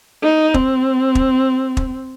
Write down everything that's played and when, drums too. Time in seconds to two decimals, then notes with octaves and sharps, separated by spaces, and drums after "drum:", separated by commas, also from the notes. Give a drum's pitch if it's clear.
0.23 D#4
0.54 C4, drum: kick
1.15 drum: kick
1.77 drum: kick